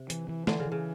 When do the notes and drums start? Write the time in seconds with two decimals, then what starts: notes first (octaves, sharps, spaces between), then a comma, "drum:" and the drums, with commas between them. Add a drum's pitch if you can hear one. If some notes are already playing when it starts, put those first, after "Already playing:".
Already playing: C3
0.10 E3, drum: hi-hat
0.28 E3
0.47 D3 E3, drum: snare
0.60 C#3
0.66 E3
0.72 C#3